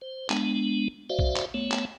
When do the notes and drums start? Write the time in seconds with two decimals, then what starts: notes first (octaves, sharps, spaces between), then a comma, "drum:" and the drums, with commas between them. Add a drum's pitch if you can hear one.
0.02 C5
0.30 G#3 B3 D4, drum: clap
1.10 F#4 C5 D5 E5 F5
1.19 drum: kick
1.36 drum: clap
1.54 A3 B3 C#5
1.72 drum: clap